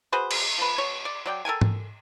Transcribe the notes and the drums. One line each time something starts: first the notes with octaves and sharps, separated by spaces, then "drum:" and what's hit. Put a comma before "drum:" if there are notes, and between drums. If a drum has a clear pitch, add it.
F#4 G#4 B4 C5
drum: cymbal
F3 B4
B2 C#5 C#6
D5
F#3 D5 G5
A4 A#4 G5 G#5
drum: tom G#2